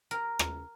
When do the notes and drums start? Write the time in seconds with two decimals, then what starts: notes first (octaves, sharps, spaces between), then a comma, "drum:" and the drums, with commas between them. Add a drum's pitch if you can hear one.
0.11 A#4
0.39 drum: rim click